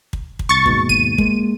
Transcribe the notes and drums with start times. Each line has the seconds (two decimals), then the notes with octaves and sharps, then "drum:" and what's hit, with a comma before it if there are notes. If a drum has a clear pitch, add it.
0.13 drum: kick
0.39 drum: kick
0.49 C2 C#6 A6
0.66 D#2 G#2 B2, drum: kick
0.89 D#7, drum: kick
1.18 G#3 A#3, drum: kick